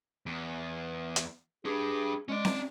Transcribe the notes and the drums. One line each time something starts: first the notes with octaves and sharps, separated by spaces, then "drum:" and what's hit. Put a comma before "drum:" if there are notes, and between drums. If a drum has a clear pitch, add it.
E2
drum: hi-hat
D4 G4 G#4
G#3 C#4 D5
drum: snare C4